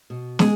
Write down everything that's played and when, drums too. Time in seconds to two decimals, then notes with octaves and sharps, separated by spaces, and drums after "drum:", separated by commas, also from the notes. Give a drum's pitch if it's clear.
0.10 B2
0.39 G#3 G#4, drum: snare